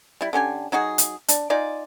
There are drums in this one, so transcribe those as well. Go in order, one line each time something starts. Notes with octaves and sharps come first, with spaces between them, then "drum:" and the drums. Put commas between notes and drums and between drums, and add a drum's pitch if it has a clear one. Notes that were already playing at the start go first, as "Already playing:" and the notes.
G3 E4
D3 C#4 G4 G#5
F#3 D#4 F#4 G#4
drum: hi-hat
D4, drum: hi-hat
D#4 F4 D5 G#5